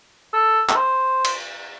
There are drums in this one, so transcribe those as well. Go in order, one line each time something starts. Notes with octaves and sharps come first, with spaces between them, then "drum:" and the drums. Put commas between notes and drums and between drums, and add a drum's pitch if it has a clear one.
A4
A4, drum: clap
C5
drum: cymbal